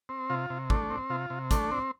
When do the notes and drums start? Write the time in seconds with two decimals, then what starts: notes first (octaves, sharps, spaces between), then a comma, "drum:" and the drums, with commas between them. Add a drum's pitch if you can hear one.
0.09 C4
0.30 C3 F4
0.50 C3
0.70 A3 D4, drum: kick
0.90 C4
1.10 C3 F4
1.30 C3
1.51 A3 D4, drum: kick, hi-hat
1.71 C4